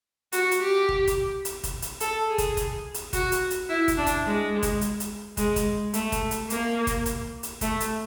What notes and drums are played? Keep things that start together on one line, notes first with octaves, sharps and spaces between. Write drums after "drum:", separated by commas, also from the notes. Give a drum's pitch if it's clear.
F#4, drum: hi-hat
drum: hi-hat
G4
drum: kick
drum: kick, hi-hat
drum: hi-hat
drum: kick, hi-hat
drum: hi-hat
A4, drum: hi-hat
G#4
drum: kick, hi-hat
drum: kick, hi-hat
drum: hi-hat
F#4, drum: kick, hi-hat
drum: hi-hat
drum: hi-hat
E4
drum: kick, hi-hat
D4
drum: kick, hi-hat
G#3
drum: kick, hi-hat
drum: hi-hat
drum: hi-hat
G#3, drum: kick, hi-hat
drum: kick, hi-hat
A3, drum: hi-hat
drum: kick, hi-hat
drum: hi-hat
A#3, drum: hi-hat
drum: kick, hi-hat
drum: kick, hi-hat
drum: hi-hat
A3, drum: kick, hi-hat
drum: hi-hat